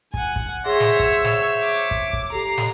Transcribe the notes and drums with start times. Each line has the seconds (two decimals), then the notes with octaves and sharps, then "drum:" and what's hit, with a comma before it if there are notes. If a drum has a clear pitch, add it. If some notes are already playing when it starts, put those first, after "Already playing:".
0.14 F#5 G#5, drum: kick
0.36 drum: kick
0.66 G#4 C5 C#5 E5 F#5 C6 A#6
0.80 drum: snare
0.99 E6, drum: kick
1.25 drum: snare
1.63 D6
1.91 drum: kick
2.13 drum: kick
2.32 G4 A4 A#5 C7
2.58 drum: snare